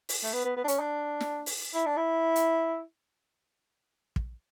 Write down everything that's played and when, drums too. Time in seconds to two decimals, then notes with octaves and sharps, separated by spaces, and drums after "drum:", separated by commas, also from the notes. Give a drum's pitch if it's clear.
0.09 drum: open hi-hat
0.23 A3
0.33 B3
0.45 B3
0.57 B3
0.64 D4
0.68 C#4, drum: hi-hat
0.80 D4
1.20 drum: snare
1.46 drum: open hi-hat
1.74 E4
1.86 D4
1.97 E4
2.36 drum: hi-hat
4.16 drum: kick